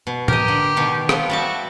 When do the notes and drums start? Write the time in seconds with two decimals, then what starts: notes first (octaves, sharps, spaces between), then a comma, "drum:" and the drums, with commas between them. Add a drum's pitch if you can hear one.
0.07 B2
0.28 G4 A#4 D#5, drum: tom A2
0.48 D3
0.76 B2 D#3
1.09 F3 B3, drum: rim click
1.30 G3 F#4 E5 A5